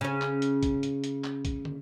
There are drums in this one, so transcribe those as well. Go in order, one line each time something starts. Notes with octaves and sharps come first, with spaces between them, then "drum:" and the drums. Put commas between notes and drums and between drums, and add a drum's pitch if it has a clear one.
C#3 C#4
drum: clap
drum: hi-hat
drum: kick, hi-hat
drum: hi-hat
drum: hi-hat
drum: clap
drum: kick, hi-hat
drum: tom